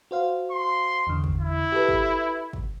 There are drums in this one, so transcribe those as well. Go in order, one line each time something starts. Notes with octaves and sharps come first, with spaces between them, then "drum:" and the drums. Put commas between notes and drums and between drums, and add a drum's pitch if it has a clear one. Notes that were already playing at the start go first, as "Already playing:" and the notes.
F#4 C5 F5
C6
E2 D3
drum: kick
E4
G4 A4 B4
drum: kick
drum: kick